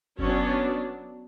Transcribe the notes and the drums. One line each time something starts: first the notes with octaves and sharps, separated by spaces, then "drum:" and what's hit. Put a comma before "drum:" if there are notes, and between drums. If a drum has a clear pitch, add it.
F#3 B3 C#4 D4 C#5, drum: kick F#1